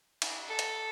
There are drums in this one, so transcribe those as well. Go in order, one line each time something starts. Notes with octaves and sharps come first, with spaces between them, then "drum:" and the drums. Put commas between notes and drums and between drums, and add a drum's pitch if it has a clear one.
drum: cymbal
A4
drum: hi-hat